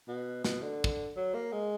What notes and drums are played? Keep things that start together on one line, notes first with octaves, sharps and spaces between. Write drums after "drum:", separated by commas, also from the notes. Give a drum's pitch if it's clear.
B2
B2, drum: snare
D3
drum: kick
F#3
A#3
G#3